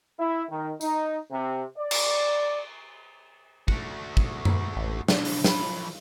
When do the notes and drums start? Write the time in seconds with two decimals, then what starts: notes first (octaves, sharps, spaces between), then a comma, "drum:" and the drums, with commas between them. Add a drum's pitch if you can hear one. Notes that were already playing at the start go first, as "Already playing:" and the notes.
0.19 E4
0.50 D#3
0.81 D#4, drum: tambourine
1.31 C3
1.77 D5
1.91 drum: cymbal
3.68 A3 F#4, drum: kick
4.17 drum: kick
4.45 drum: tom F#2
4.76 A1
5.08 B2 D3 D4, drum: snare
5.25 drum: open hi-hat
5.44 F3 B5, drum: snare